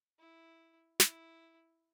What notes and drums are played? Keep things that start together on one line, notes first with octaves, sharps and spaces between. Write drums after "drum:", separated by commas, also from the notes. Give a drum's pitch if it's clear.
E4
E4, drum: snare